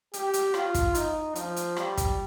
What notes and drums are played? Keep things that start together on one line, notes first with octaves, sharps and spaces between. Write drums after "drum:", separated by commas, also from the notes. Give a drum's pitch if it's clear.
G4, drum: hi-hat
drum: hi-hat
F4, drum: rim click
drum: kick, hi-hat
D#4, drum: hi-hat
F3, drum: hi-hat
drum: hi-hat
G3, drum: rim click
drum: kick, hi-hat